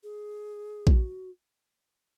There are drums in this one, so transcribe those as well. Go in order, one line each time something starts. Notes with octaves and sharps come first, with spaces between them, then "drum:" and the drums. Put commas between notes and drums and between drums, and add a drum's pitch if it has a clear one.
G#4
F#4, drum: kick A#1